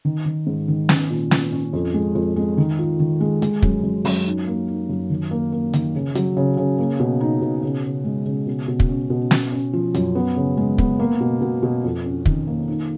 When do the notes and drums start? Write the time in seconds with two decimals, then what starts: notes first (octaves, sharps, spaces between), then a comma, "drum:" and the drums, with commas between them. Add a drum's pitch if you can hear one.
0.05 D#3
0.25 D#3
0.47 G#2
0.68 D#3
0.89 C#4, drum: snare
1.10 A#2
1.31 C#4, drum: snare
1.52 C#4
1.73 F2
1.94 G#3
2.15 F2
2.36 G#3
2.58 D#3
2.79 F4
2.99 D#3
3.21 G#3
3.42 G#3, drum: hi-hat
3.62 F#2, drum: kick
3.84 F#2
4.05 F#2, drum: open hi-hat
4.26 D#4
4.47 A#3
4.68 D#4
4.89 F#2
5.10 D#3
5.31 A#3
5.52 A#3
5.74 D#3, drum: hi-hat
5.95 C#3
6.15 F#3, drum: hi-hat
6.37 C#3
6.57 C#3
6.78 A#3
7.00 B2
7.21 D#4
7.41 B2
7.63 C#3
7.84 C#3
8.05 G#3
8.25 C#3
8.47 B2
8.68 B2
8.80 drum: kick
8.89 C#4
9.10 B2
9.31 C#4, drum: snare
9.52 C#4
9.73 F3
9.95 F#2, drum: hi-hat
10.15 B3
10.36 C#3
10.57 G#3
10.78 B3, drum: kick
10.99 A#3
11.20 B2
11.41 B2
11.63 B2
11.84 F2
12.05 C#4
12.26 D#3, drum: kick
12.47 A#3
12.68 D#4